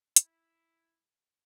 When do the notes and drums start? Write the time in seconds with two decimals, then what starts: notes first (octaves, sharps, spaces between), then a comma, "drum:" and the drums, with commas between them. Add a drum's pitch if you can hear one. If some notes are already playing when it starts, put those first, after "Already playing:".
0.16 E4, drum: hi-hat